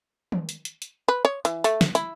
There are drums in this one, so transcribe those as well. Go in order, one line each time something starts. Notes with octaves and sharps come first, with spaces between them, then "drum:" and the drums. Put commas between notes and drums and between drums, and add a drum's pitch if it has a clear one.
drum: tom D#3
drum: hi-hat
drum: hi-hat
drum: hi-hat
B4
C#5
E3, drum: hi-hat
A3, drum: hi-hat
drum: snare
E4, drum: hi-hat